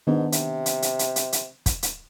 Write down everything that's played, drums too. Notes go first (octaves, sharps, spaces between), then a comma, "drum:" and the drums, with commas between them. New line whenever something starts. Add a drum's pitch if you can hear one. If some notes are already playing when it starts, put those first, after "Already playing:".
G#2 D#3 B3 D4
C3, drum: hi-hat
drum: hi-hat
drum: hi-hat
drum: hi-hat
drum: hi-hat
drum: hi-hat
drum: kick, hi-hat
drum: hi-hat